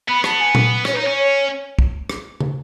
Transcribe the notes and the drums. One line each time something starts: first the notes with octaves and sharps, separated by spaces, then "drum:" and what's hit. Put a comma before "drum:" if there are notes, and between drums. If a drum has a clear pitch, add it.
B3 B5
B3 A5, drum: rim click
G#5
drum: tom A#2
C#4 C#5, drum: rim click
B4
D#4 C#5
C#4
C#5
drum: kick
drum: rim click
drum: tom